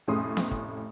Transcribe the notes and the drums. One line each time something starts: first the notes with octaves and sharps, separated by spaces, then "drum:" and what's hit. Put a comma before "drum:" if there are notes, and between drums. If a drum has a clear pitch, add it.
F1 A2 C#4 C6 D#6
drum: snare B3
drum: kick